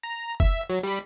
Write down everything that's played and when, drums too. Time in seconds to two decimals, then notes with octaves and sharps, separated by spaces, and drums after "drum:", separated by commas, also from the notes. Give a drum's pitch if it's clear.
0.03 A#5
0.40 E5, drum: kick
0.70 F#3
0.83 G3 B5